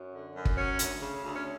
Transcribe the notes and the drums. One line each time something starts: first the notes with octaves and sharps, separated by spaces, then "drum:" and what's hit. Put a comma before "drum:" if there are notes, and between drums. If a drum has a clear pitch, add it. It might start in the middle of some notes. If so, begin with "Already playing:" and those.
Already playing: F#2
D3
F#2
drum: kick
F#3 C#4
D2, drum: hi-hat
C#3
D2
C#4